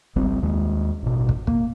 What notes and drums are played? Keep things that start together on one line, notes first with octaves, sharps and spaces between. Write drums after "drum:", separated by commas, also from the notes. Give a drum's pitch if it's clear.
G#1 C#2 G3 C4
D#2 G#3
A1 B2
drum: kick
A#3, drum: kick